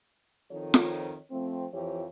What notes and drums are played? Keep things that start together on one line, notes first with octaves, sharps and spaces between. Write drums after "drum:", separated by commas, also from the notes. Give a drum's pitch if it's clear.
D#3 F3 C4 A4 C#5
drum: snare F4
F3 A3 C4
F2 E3 F3 G4 C#5